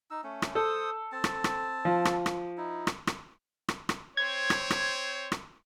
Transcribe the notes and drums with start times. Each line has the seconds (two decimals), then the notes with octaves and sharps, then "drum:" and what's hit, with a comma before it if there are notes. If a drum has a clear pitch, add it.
0.10 D#4 E6
0.23 A3 C#4
0.42 drum: rim click
0.55 A4 C5 D#6 E6
1.12 C4 A5
1.24 drum: rim click
1.44 drum: rim click
1.85 F3
2.05 drum: rim click
2.26 drum: rim click
2.57 D#4 E4
2.87 drum: rim click
3.07 drum: rim click
3.68 drum: rim click
3.89 drum: rim click
4.17 C4 C5 C#5 G#6
4.50 drum: rim click
4.70 drum: rim click
5.32 drum: rim click